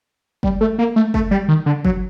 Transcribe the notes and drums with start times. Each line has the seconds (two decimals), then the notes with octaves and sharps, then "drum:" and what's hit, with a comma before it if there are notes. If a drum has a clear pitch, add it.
0.43 G3, drum: kick
0.61 A3
0.79 A#3
0.96 A3
1.14 A3, drum: kick
1.31 G3
1.48 D#3
1.66 D3
1.85 F#3, drum: kick